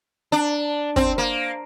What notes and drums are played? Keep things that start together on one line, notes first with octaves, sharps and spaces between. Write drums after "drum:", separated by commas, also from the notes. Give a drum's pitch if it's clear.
D4
C4, drum: kick
A#3